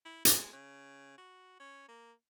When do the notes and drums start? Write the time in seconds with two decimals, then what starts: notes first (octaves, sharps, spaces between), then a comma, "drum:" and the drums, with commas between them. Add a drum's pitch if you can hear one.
0.05 E4
0.25 G#3, drum: hi-hat
0.53 C#3
1.18 F#4
1.60 C#4
1.88 A#3